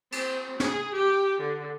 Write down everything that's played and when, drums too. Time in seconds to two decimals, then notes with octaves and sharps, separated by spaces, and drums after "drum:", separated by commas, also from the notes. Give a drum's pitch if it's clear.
0.12 C4, drum: cymbal
0.60 G#4, drum: snare
0.95 G4
1.42 D3